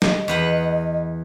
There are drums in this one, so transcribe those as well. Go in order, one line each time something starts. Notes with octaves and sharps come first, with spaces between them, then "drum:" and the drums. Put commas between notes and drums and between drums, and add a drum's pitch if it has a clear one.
D#5, drum: snare
E2 B4 F#5